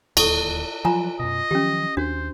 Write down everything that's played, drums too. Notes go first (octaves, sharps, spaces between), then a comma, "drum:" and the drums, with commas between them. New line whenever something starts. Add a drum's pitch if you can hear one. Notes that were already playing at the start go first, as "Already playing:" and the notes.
D1 D#2 A4 C#6, drum: cymbal
F3 F#3 F4 G#5 A#5
F#2 B2 D#5
D#3 F3 F#3 C#4 G4
D#2 D4 F#4 C5